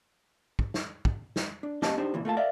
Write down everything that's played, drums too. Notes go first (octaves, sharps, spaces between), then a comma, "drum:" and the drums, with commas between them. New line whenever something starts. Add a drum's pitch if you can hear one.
drum: kick
drum: snare
drum: kick
drum: snare
D4
A#3 C#4 G4 D#5 A5, drum: snare
D4 D#4 G4 C5
C#2 A#2 E3
A3 A#3 F4 A5
A#4 D5 E5 F5